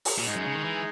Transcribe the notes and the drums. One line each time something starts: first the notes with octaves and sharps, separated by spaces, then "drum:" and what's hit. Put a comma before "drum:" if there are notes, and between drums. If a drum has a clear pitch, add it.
drum: open hi-hat
A#2
G#2 G#3 D#4 G#4
F#2
C#3
D#3
E3